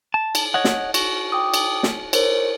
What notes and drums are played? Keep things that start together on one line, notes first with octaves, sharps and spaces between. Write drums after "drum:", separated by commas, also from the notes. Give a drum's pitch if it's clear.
A5
drum: cymbal
C#5 D#5 F#5
drum: snare
F#4, drum: cymbal
G5 D6 D#6
drum: cymbal
drum: snare
A#4 C5 C#5, drum: cymbal